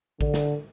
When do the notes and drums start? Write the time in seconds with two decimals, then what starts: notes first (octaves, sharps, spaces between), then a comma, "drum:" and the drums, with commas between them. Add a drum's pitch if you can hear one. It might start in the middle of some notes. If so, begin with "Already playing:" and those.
0.21 D3, drum: kick A1
0.34 drum: snare